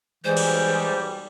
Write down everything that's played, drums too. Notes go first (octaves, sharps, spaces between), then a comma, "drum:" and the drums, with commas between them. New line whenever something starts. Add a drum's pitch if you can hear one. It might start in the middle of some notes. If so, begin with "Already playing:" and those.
B1 E3 G3 G#3 C5
drum: cymbal